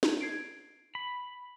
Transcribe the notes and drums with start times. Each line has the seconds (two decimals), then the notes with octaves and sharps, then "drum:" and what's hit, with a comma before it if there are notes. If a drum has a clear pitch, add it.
0.03 drum: snare
0.21 G#6 C7 D7
0.95 B5